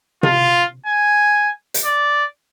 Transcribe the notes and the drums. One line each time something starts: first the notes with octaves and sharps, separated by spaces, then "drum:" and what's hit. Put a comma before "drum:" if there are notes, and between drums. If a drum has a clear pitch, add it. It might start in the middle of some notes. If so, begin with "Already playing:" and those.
F4, drum: tom C3
G#5
drum: hi-hat
D5